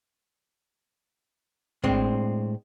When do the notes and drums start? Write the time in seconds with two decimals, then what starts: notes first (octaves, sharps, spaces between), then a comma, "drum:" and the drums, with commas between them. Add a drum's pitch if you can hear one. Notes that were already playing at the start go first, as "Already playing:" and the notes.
1.84 A2 G#3 C4 D4, drum: kick